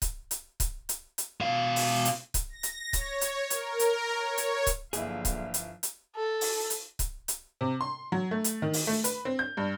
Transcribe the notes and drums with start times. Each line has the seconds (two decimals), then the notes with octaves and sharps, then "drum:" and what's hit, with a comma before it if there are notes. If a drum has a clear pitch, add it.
0.02 drum: kick C#1, hi-hat
0.31 drum: hi-hat
0.60 drum: kick C#1, hi-hat
0.89 drum: hi-hat
1.18 drum: hi-hat
1.41 B2 F5
1.76 drum: open hi-hat
2.05 drum: hi-hat
2.34 drum: kick C#1, hi-hat
2.48 A#6
2.63 drum: hi-hat
2.93 C#5, drum: kick C#1, hi-hat
3.21 drum: hi-hat
3.50 A#4, drum: hi-hat
3.79 drum: hi-hat
4.14 C#5
4.38 drum: hi-hat
4.67 drum: kick C#1, hi-hat
4.93 G1 D3 F3 F#3 A#3 E4 G#4 F5, drum: hi-hat
5.25 drum: kick C#1, hi-hat
5.54 drum: hi-hat
5.83 drum: hi-hat
6.16 A4
6.41 drum: open hi-hat
6.70 drum: hi-hat
6.99 drum: kick C#1, hi-hat
7.28 drum: hi-hat
7.61 C3
7.81 C6
8.12 F#3
8.31 A3
8.44 drum: hi-hat
8.62 D#3
8.73 drum: open hi-hat
8.87 A3
9.04 B4, drum: hi-hat
9.25 C4
9.39 G6
9.57 G2